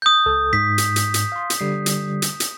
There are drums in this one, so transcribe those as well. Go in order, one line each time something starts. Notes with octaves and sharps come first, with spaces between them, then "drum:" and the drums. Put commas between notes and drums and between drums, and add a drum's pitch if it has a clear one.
D#6 G6
C#2 A4
G#2 B6
drum: hi-hat
drum: hi-hat
drum: hi-hat
F5 C6
drum: hi-hat
D3 G3 C7
drum: hi-hat
drum: hi-hat
drum: hi-hat